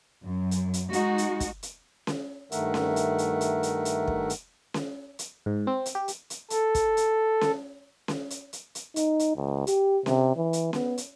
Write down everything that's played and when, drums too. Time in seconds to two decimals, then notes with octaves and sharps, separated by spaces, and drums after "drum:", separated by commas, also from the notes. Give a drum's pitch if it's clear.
0.24 F#2
0.51 drum: hi-hat
0.74 drum: hi-hat
0.93 G#3 D#4 F#4, drum: hi-hat
1.18 drum: hi-hat
1.40 drum: kick, hi-hat
1.63 drum: hi-hat
2.07 drum: snare C#4
2.52 G2 D#3 A3 A#4 E5 F#5, drum: hi-hat
2.74 drum: snare C#4
2.96 drum: hi-hat
3.18 drum: hi-hat
3.41 drum: hi-hat
3.63 drum: hi-hat
3.85 drum: hi-hat
4.07 drum: kick
4.30 drum: hi-hat
4.74 drum: snare C#4
5.19 drum: hi-hat
5.46 G#2
5.67 C4
5.86 drum: hi-hat
5.95 G4
6.08 drum: hi-hat
6.30 drum: hi-hat
6.50 A4, drum: hi-hat
6.75 drum: kick, hi-hat
6.97 drum: hi-hat
7.41 drum: snare C#4
8.08 drum: snare C#4
8.30 drum: hi-hat
8.53 drum: hi-hat
8.75 drum: hi-hat
8.96 D#4, drum: hi-hat
9.19 drum: hi-hat
9.37 C#2
9.67 G4, drum: hi-hat
10.06 C3, drum: snare C#4
10.36 E3
10.53 drum: hi-hat
10.73 B3, drum: snare C#4
10.98 drum: hi-hat